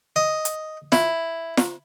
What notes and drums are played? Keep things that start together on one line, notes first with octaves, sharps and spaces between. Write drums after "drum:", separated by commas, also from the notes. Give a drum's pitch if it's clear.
D#5
drum: hi-hat
E4, drum: snare
drum: snare